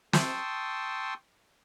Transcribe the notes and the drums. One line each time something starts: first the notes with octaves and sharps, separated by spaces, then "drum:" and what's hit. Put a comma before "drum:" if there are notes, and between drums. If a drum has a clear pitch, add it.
G5 A5 C6 C#6 D#6 E6, drum: snare